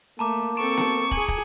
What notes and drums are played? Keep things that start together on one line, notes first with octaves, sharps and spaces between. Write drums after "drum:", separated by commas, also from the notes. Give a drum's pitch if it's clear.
A3 A#3 A5 A#5 D6
C4 A4 C#6 D7 E7
drum: snare B3
G#4 G#5 C#7 F#7, drum: kick
drum: kick